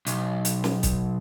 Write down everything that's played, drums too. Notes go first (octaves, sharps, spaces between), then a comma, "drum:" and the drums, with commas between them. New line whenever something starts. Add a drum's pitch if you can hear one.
B1, drum: hi-hat
drum: hi-hat
drum: snare
drum: kick, hi-hat